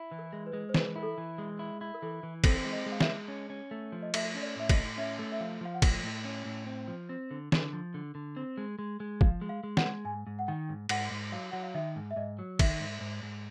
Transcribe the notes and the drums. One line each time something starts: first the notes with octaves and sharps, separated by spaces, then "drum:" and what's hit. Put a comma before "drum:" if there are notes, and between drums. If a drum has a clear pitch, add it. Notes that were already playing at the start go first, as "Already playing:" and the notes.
Already playing: E4
E3
A#4
G#3
B4
G#3
C5
E3 B4, drum: snare
E4 A#4
A4
E3
G#3
E4
E4
A#4
E3 A4
E3
C4 A4, drum: kick, cymbal
G#3
D#5
G#3
F5
E5, drum: snare
G#3
C#4
C#4
A3
F3
D#5
A3 E5, drum: cymbal
C#4
D5
A2 E5
D#5, drum: kick, cymbal
A2
C#4 E5
A3
E5
F3 F5
F3 F5
F#5
A2 G5, drum: kick, cymbal
A2
C#4
A2
C4
F3
C4
D3
D3, drum: snare
F3
D3
D3
C4
G#3
G#3
G#3
F3 F5, drum: kick
G#3
F5
G#3
F#5, drum: snare
G#3
G#2 G#5
G#2
F#5
D#3 G5
G#2
G#2 F#5, drum: cymbal
G#2
F#3 F5
F#3 F#5
F5
D#3 E5
G#2
E5
G#2 D#5
F#3
D#3 E5, drum: kick, cymbal
G#2
G#2
G#2